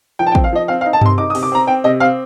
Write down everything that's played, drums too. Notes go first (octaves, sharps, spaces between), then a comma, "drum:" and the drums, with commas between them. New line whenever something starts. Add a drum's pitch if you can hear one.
F3 G5
A5
G5
C4, drum: kick
F5
F3 D#5
C4 F5
F5
D#4
A5
C3 C6, drum: tom G2
D#4 D6
D#6
C3, drum: open hi-hat
D6
C4 A#5
C4 G5
C3 D#5
C4 F5